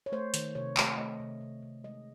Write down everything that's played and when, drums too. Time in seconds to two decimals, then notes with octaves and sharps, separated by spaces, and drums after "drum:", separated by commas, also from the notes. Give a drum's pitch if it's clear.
0.06 C#5
0.12 A3 C5
0.34 D#3, drum: hi-hat
0.55 C3 C#5
0.77 A3, drum: clap
0.98 A3 D#5
1.20 C3
1.41 C3
1.63 C3
1.84 G#3 D#5